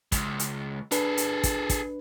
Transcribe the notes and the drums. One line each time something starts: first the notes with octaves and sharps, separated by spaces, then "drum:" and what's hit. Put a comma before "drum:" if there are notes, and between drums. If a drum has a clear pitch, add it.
C#2, drum: kick, hi-hat
drum: hi-hat
D4 G#4 A4 B4, drum: hi-hat
drum: hi-hat
drum: kick, hi-hat
drum: kick, hi-hat